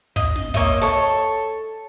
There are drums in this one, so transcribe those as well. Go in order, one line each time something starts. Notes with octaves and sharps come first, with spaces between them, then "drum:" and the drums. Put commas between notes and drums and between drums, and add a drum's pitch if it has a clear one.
D#5, drum: kick
drum: snare
A#3 C#5 D#5 E5, drum: kick
A4 C#5